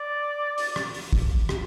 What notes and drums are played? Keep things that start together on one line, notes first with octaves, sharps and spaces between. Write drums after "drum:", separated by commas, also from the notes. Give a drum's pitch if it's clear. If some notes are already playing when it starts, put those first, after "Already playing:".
Already playing: D5
drum: open hi-hat
drum: rim click
drum: open hi-hat
drum: kick
drum: rim click